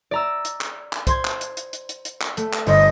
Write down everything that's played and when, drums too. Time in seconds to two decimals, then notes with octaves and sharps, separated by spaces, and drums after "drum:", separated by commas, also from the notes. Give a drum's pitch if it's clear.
0.11 D5 A#5 E6
0.45 drum: hi-hat
0.61 drum: clap
0.93 drum: clap
1.07 C5 C6 G#6, drum: kick, hi-hat
1.25 drum: clap
1.41 drum: hi-hat
1.57 drum: hi-hat
1.73 drum: hi-hat
1.89 drum: hi-hat
2.05 drum: hi-hat
2.21 drum: clap
2.37 A3, drum: hi-hat
2.53 drum: clap
2.67 G1 C5 D5 D#5, drum: open hi-hat